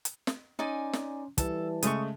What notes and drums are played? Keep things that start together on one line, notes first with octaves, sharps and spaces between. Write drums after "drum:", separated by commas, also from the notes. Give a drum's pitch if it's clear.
drum: hi-hat
drum: snare
C#4 D#4 D5 G#5 C6
drum: snare
E3 G3 A4 D5 A5, drum: kick, hi-hat
C#3 G#3 A3 C#6 D#6, drum: hi-hat